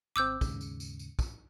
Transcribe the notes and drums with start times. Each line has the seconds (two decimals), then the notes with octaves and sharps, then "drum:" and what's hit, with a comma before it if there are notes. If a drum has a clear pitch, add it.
0.16 G#1 C4 D6 E6 G6
0.41 D#2 G#2 C#3, drum: kick, tambourine
0.61 drum: tambourine
0.80 drum: tambourine
0.99 drum: tambourine
1.19 drum: kick, tambourine